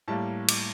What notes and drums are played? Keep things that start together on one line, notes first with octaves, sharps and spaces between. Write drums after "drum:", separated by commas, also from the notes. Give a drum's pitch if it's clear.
A2 G3 A#3 A5
D6, drum: cymbal